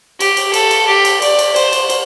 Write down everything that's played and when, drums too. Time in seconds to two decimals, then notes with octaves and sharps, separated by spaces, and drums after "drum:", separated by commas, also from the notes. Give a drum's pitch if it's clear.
0.20 G4, drum: cymbal
0.37 drum: cymbal
0.54 A4, drum: cymbal
0.71 drum: cymbal
0.88 G4
1.05 drum: cymbal
1.22 D5, drum: cymbal
1.39 drum: cymbal
1.56 C5, drum: cymbal
1.73 drum: cymbal
1.90 drum: cymbal